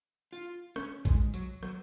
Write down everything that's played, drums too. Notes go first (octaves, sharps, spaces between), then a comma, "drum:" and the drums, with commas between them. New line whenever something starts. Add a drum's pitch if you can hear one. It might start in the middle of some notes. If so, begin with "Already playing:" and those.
F4
C#4, drum: rim click
G#3, drum: kick A1, hi-hat
F#3, drum: hi-hat
F#3, drum: rim click